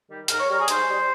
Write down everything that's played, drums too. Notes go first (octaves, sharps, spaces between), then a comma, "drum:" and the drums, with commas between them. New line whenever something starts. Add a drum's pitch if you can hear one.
D#3 G3
G#2 A#4, drum: hi-hat
C#5
G3 A#4
G#4
G#2 C5, drum: hi-hat
G3